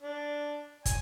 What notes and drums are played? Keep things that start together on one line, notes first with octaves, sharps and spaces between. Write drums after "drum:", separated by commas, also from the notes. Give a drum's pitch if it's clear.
D4
G#5, drum: kick, hi-hat